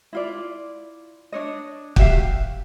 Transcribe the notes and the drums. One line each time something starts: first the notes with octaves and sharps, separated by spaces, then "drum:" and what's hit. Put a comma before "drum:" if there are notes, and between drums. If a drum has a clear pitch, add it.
E4 F4 D5
D4 C#5 D#5
F#4 G4 E5 F5, drum: kick